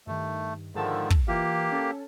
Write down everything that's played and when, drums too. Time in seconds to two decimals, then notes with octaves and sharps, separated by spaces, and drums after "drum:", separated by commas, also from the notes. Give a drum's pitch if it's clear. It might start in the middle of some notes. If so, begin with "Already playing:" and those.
0.07 G2 D#3 A3
0.75 G#2 D3 D#3 F3 A5 E6
1.10 drum: kick
1.28 E3 A#3 F4 G4
1.72 C#4 A4